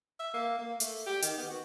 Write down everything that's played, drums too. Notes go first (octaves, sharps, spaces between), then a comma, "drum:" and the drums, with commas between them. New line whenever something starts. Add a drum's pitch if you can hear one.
E5
A#3
A#3
A3, drum: hi-hat
G4
D#3, drum: hi-hat
B3
F#4